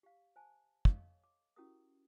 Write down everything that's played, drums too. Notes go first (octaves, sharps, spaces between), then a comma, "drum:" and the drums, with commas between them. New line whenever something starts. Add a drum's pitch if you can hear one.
G4 F5
C5 G#5 A5
A4 C#5 D#5 F5, drum: kick
D6
C#4 E4 F#4 G4 A#4 D#6